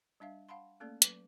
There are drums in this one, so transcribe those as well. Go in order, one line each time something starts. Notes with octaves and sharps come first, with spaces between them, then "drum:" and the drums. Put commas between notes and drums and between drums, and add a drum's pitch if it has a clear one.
G3 D4 E5 F5
F5 F#5 A5 B5 C6
A3 A#3 C#4 A4 D5
F#3 B4, drum: hi-hat